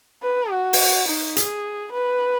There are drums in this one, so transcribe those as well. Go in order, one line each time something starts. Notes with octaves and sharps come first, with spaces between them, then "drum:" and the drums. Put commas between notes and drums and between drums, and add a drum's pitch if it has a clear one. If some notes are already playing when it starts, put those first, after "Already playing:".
B4
F#4
drum: open hi-hat
D#4
G#4, drum: hi-hat
B4